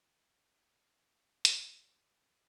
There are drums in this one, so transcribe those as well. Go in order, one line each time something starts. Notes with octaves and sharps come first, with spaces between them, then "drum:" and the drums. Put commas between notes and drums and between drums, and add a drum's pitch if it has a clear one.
G#2 C#3 F#3 D4 B4, drum: hi-hat
A#2 D3 D5 C6